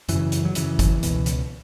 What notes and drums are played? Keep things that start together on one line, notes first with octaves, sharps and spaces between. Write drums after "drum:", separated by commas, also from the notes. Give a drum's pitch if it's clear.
F#2 C#3 E3, drum: hi-hat
drum: hi-hat
F#3
F#2 C#3 E3, drum: hi-hat
drum: kick, hi-hat
C#2 B2, drum: hi-hat
drum: hi-hat